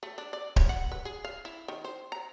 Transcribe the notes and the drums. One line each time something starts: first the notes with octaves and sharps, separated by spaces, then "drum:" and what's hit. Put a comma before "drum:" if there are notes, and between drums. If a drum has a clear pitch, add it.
A3
D4
D5
C#5, drum: kick D1
F#5
B4
G#4
F5
E4
D#3
C5
A#5